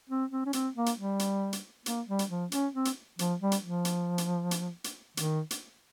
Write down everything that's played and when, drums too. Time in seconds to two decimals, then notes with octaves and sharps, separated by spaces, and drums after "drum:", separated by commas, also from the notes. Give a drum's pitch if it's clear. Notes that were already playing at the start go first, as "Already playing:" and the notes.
0.10 C4
0.32 C4
0.46 C#4
0.53 C4, drum: hi-hat
0.76 A#3
0.86 drum: hi-hat
0.97 G3
1.19 drum: hi-hat
1.53 drum: hi-hat
1.86 A#3, drum: hi-hat
2.08 G3
2.19 drum: hi-hat
2.30 F3
2.52 C#4, drum: hi-hat
2.74 C4
2.85 drum: hi-hat
3.19 F3, drum: hi-hat
3.41 G3
3.52 drum: hi-hat
3.62 F3
3.85 drum: hi-hat
4.18 drum: hi-hat
4.51 drum: hi-hat
4.84 drum: hi-hat
5.17 D#3, drum: hi-hat
5.51 drum: hi-hat